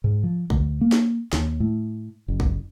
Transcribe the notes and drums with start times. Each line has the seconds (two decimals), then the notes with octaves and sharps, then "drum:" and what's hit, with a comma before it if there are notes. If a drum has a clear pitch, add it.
0.04 G#2
0.23 F3
0.50 D2, drum: kick
0.81 A#3
0.92 drum: snare
1.33 D#2, drum: snare
1.60 A2
2.28 F#1
2.40 drum: kick